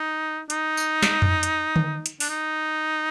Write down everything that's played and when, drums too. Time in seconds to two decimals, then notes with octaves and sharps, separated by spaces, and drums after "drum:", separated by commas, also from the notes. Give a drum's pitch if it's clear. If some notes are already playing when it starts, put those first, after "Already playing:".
Already playing: D#4
0.50 D#4, drum: hi-hat
0.77 drum: tambourine
1.03 drum: snare
1.22 drum: tom F2
1.43 drum: hi-hat
1.76 drum: tom D3
2.06 drum: hi-hat
2.20 D4, drum: open hi-hat
2.30 D#4